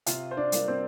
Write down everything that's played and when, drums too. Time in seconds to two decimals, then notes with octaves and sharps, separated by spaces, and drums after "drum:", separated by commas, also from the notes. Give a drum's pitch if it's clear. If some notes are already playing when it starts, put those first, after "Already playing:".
0.06 C3 F4 F5, drum: hi-hat
0.31 C5
0.37 D4 D5
0.52 G3 A#3 F4, drum: hi-hat
0.68 C4 C5